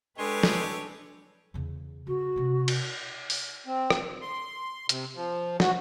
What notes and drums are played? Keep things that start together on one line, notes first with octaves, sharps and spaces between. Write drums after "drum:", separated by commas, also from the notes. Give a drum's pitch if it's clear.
G#3 D4 G4 A4 B4 C#5 G#5 C6
drum: snare
E2 C#3
C#3 F#4
C3 C#4
drum: cymbal
drum: open hi-hat
C4
drum: rim click
C6
C3, drum: hi-hat
F3
F#4, drum: snare